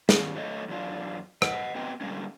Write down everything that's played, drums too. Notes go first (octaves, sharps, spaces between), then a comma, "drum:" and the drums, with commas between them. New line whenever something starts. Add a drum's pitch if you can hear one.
D#3 C#4, drum: snare
F#3 A3 C#5 D#5
E2 F#3 D4 F4
D#5 F#5, drum: rim click
B3 C4 F#4 B4 D#5 G5
D3 G3 G#3 A#3 C#4